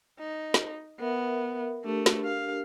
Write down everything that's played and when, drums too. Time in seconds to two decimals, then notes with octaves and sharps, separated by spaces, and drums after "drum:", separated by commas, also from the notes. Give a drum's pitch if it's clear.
0.20 D#4
0.54 drum: snare
1.00 B3 A#4 E5
1.84 A3 D4 G4 A#4
2.06 drum: snare
2.25 F5